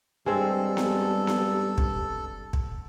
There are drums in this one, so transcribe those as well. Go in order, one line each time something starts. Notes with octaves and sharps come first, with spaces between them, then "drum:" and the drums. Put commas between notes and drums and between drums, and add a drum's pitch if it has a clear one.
G2 G#3 C4 A4
drum: snare B3
drum: snare B3
drum: kick
drum: kick